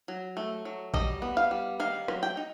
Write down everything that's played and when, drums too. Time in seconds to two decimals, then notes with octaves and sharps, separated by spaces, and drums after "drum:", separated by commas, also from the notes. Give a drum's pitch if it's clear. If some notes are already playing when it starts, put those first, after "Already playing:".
0.08 F#3
0.37 A3
0.65 F#3
0.94 G3 D#5, drum: kick A1
1.22 B3
1.37 F5
1.51 G3
1.80 D#3 F5
2.08 F#3, drum: rim click
2.23 G5
2.37 D#4